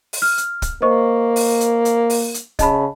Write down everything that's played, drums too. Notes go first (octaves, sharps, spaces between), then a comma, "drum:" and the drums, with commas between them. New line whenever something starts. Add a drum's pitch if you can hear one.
drum: open hi-hat
F6
drum: hi-hat
drum: kick, hi-hat
A#3 C5 D#5 C#6
drum: open hi-hat
drum: hi-hat
drum: hi-hat
drum: open hi-hat
drum: hi-hat
C#3 D#5 A5 B5, drum: kick, hi-hat